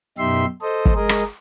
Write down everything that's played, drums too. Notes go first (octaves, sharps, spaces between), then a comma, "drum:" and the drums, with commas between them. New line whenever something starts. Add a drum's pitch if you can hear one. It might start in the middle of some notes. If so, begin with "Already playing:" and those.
F#2 B2 D#4 G4 E5 C6
A4 C5 D#5
drum: kick
G#3 G#4 A#4 D#5
drum: rim click